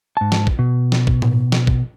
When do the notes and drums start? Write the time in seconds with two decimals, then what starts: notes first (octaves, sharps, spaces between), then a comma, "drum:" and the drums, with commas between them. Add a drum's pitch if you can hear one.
0.17 G#2 A5
0.32 drum: snare
0.47 drum: kick
0.59 B2
0.92 drum: snare
1.07 drum: kick
1.22 drum: tom A2
1.52 drum: snare
1.67 drum: kick